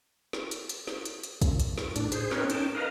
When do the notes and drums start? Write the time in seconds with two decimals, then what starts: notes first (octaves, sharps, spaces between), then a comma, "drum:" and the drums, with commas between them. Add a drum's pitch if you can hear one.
0.33 drum: snare
0.51 drum: hi-hat
0.69 drum: hi-hat
0.87 drum: snare
1.05 drum: hi-hat
1.23 drum: hi-hat
1.42 drum: kick, hi-hat
1.60 drum: hi-hat
1.78 drum: snare
1.96 A2 D4, drum: hi-hat
2.12 G#4 C5, drum: hi-hat
2.31 C4 C#4 D#4 A#4 B4 C#5, drum: snare
2.50 C#4 D#4 G5 A5, drum: hi-hat
2.75 A#4 B4 D#5 F5 A#5